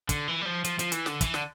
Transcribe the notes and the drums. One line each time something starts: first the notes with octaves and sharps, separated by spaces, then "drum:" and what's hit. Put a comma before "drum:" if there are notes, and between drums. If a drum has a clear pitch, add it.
D3, drum: kick, hi-hat
E3
G3
F3
F3, drum: hi-hat
F3, drum: hi-hat
E3, drum: hi-hat
D3, drum: snare
E3, drum: kick, hi-hat
D3, drum: snare